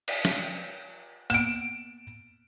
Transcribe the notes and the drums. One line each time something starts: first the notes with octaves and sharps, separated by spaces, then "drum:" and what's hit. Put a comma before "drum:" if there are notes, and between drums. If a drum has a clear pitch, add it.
drum: cymbal
drum: snare
A#3 B3 D7 E7, drum: hi-hat